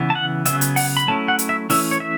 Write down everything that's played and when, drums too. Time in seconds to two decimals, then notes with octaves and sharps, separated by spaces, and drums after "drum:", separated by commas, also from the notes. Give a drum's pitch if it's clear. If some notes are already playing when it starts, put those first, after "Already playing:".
Already playing: C#3 E3 B3
0.10 A5
0.15 F#5
0.45 C#3 F#3 B3 E5, drum: hi-hat
0.61 drum: hi-hat
0.76 F#5, drum: open hi-hat
0.97 B5
1.08 F#3 A3 C#4 E4 A5
1.28 F#5
1.39 drum: hi-hat
1.49 E5
1.70 E3 A3 C#4 E4 E5, drum: open hi-hat
1.91 C#5
2.00 E5